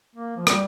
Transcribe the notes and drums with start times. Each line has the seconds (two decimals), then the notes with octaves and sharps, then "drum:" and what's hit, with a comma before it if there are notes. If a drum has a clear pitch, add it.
0.16 A#3
0.37 F3
0.47 G3, drum: rim click